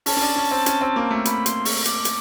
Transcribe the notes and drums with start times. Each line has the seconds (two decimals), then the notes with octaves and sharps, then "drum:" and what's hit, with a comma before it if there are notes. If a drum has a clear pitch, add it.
0.06 C#4 A5, drum: open hi-hat
0.17 C#4
0.22 D4
0.36 C#4
0.51 C4
0.66 C#4, drum: hi-hat
0.81 C4
0.96 A#3
1.11 A3
1.25 B5, drum: hi-hat
1.46 C6, drum: hi-hat
1.65 C#6, drum: open hi-hat
1.85 D6, drum: hi-hat
2.05 drum: hi-hat